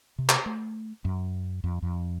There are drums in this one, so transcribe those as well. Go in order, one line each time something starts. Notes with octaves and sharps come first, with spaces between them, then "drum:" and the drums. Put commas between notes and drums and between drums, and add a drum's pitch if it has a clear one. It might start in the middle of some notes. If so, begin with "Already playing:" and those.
C3
drum: clap
A3
F#2
F2
F2